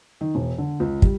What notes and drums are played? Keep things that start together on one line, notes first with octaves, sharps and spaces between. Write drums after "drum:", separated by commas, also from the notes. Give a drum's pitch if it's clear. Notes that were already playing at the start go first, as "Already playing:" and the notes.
D#3
E1
D3
C#2
G3, drum: kick